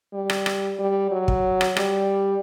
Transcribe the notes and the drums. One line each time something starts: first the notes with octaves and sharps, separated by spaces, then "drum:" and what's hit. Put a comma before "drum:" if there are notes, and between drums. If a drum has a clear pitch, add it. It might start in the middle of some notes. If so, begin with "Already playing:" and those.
G3
drum: rim click
drum: rim click
G3
F#3
drum: kick
drum: rim click
G3, drum: rim click